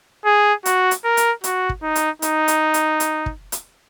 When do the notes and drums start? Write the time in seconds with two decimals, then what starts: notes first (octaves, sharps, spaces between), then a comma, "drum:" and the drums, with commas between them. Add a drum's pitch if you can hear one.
0.26 G#4
0.66 F#4, drum: hi-hat
0.91 drum: hi-hat
1.05 A#4
1.17 drum: hi-hat
1.44 F#4, drum: hi-hat
1.69 drum: kick
1.83 D#4
1.95 drum: hi-hat
2.22 D#4, drum: hi-hat
2.48 drum: hi-hat
2.74 drum: hi-hat
3.00 drum: hi-hat
3.26 drum: kick
3.52 drum: hi-hat